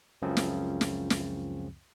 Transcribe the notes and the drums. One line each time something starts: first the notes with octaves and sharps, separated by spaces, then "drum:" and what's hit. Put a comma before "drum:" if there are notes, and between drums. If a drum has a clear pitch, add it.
C#2 F#2 C#3 F3 C4
drum: snare
drum: snare
drum: snare